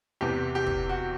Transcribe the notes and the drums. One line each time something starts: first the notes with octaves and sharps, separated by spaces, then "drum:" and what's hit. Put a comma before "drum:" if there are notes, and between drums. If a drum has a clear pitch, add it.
E2 C3 E3 G4
G4
drum: kick
F#4